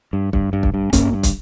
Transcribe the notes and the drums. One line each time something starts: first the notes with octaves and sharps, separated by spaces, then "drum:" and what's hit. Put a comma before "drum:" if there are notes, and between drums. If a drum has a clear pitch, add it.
G2
G2, drum: kick
G2
drum: kick
G2
G2 A#3 C#4, drum: kick, hi-hat
G2
drum: kick, hi-hat